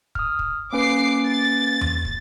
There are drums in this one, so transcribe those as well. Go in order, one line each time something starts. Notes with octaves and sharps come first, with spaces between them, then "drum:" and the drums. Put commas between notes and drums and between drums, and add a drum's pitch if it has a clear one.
D#6 F6, drum: kick
drum: kick
A#3 C#4 B4 D6 C7
A6
drum: tom E2
drum: kick